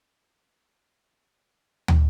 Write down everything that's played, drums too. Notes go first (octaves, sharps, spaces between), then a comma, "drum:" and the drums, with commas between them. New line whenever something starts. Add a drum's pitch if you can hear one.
B2 F#3 D4 A4 B4 F#5
D#4
drum: tom